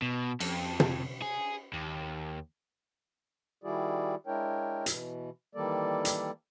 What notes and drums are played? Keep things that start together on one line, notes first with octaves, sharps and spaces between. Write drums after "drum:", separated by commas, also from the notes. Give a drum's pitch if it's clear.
B2
F2, drum: cymbal
drum: tom
G#4
D#2
D#3 G3 E4 F#4 G#4 D5
G#3 D4 E4 A#4 C#5 G5
B2 E3, drum: hi-hat
D#3 E3 G3 A#3 A4 D5
drum: hi-hat